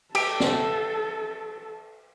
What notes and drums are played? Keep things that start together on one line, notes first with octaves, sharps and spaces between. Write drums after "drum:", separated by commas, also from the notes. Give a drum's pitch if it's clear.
G4 A4, drum: cymbal
drum: snare